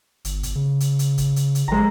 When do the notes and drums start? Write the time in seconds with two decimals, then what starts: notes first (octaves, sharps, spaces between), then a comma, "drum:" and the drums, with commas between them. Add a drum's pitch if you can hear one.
0.25 G1, drum: hi-hat
0.43 drum: kick, hi-hat
0.55 C#3
0.80 drum: hi-hat
0.99 drum: hi-hat
1.18 drum: kick, hi-hat
1.36 drum: hi-hat
1.55 drum: hi-hat
1.68 A1 G#3 A#5